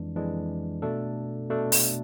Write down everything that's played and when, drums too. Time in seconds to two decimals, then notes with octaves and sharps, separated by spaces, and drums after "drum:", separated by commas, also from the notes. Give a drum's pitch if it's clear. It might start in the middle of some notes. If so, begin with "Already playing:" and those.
Already playing: F2 E3 G#3 D4
0.16 F2 E3 G#3 D4
0.82 B2 A3 D4 A4
1.50 B2 A3 D4 A4
1.72 drum: open hi-hat